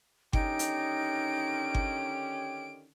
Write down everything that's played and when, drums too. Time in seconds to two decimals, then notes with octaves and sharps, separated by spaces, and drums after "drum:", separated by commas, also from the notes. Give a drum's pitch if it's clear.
0.33 D3 D#3 C#4 D#4 G4 D7, drum: kick G1
0.59 drum: hi-hat
1.75 drum: kick G1